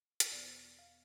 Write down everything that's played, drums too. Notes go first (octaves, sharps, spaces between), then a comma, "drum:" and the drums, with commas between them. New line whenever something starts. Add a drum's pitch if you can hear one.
C5, drum: hi-hat
E2 B2 B3 D5
F5